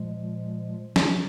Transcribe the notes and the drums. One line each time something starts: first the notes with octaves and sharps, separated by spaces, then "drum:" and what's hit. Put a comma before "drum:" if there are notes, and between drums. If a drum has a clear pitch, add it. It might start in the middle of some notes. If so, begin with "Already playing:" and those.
Already playing: A#2 F3 G#3
drum: snare